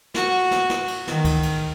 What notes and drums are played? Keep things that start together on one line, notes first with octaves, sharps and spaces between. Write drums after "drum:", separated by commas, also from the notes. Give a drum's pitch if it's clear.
F#4, drum: snare
drum: snare
drum: snare
drum: cymbal
D#3, drum: snare
drum: kick C#2, cymbal
drum: cymbal